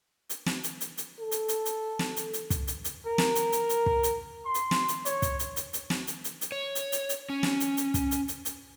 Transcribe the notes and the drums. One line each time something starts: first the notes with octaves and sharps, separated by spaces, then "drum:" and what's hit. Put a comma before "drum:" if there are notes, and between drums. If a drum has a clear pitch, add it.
drum: hi-hat
drum: snare
drum: hi-hat
drum: hi-hat
drum: hi-hat
A4
drum: hi-hat
drum: hi-hat
drum: hi-hat
drum: snare
drum: hi-hat
drum: hi-hat
drum: kick, hi-hat
drum: hi-hat
drum: hi-hat
A#4
drum: snare
drum: hi-hat
drum: hi-hat
drum: hi-hat
drum: kick
drum: hi-hat
C6
drum: hi-hat
drum: snare
drum: hi-hat
C#5, drum: hi-hat
drum: kick, hi-hat
drum: hi-hat
drum: hi-hat
drum: hi-hat
drum: snare
drum: hi-hat
drum: hi-hat
drum: hi-hat
C#5
drum: hi-hat
drum: hi-hat
drum: hi-hat
C#4
drum: snare
drum: hi-hat
drum: hi-hat
drum: kick, hi-hat
drum: hi-hat
drum: hi-hat
drum: hi-hat